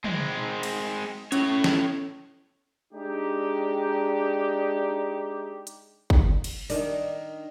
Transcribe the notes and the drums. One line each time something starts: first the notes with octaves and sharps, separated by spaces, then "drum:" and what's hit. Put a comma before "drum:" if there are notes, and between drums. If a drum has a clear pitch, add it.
G#3 C4, drum: tom
drum: cymbal
A3 C#4 C#5, drum: hi-hat
drum: snare
G#3 D4 D#4 G4
drum: hi-hat
drum: kick
drum: cymbal
D#3 D4, drum: open hi-hat